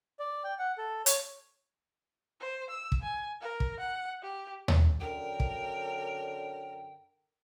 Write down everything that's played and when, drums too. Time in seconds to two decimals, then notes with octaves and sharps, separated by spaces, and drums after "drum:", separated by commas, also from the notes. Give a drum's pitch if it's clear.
0.20 D5
0.44 G5
0.59 F#5
0.78 A4
1.06 C#5, drum: hi-hat
2.40 C5
2.70 E6
2.92 drum: kick
3.02 G#5
3.41 A#4
3.60 drum: kick
3.80 F#5
4.23 G4
4.68 drum: tom D#2
5.00 F#2 D3 A#4 G5
5.40 drum: kick